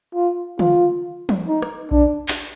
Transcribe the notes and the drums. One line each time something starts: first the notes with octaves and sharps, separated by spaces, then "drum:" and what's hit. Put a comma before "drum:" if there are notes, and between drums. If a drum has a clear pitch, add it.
F4
F4, drum: tom
drum: tom
D#4
drum: rim click
D4, drum: kick A#1
drum: clap